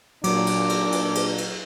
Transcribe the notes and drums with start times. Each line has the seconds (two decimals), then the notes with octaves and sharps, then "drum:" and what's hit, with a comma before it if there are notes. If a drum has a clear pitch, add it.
0.24 A#2 F#3 D4 D6, drum: cymbal
0.47 drum: cymbal
0.69 drum: cymbal
0.92 drum: cymbal
1.15 drum: cymbal
1.38 drum: cymbal